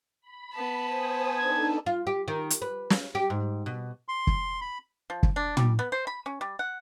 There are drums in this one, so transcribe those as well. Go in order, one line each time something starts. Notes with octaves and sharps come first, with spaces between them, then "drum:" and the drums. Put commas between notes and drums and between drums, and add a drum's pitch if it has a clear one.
B5
B3 A5
C5 G#5 D#6
D4 D#4 A4 G#6
F4
G4
D#3
drum: hi-hat
B4
drum: snare
G4
G#2
B2
C6
drum: kick
B5
F3
drum: kick
D4
G3, drum: tom
B3
C5
B5
C#4
G3
F#5